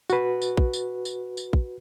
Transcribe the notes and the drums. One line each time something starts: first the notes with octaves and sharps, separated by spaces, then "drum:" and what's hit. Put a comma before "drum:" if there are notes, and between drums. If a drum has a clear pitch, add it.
F#4 B4, drum: tambourine
drum: tambourine
drum: kick
drum: tambourine
drum: tambourine
drum: tambourine
drum: kick